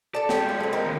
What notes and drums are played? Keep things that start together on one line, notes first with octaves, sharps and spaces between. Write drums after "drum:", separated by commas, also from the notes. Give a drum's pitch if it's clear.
A4 D5 A5
G#3 G4, drum: snare
F4
F#3 C4
C4 D#4 A#4
D#2 D3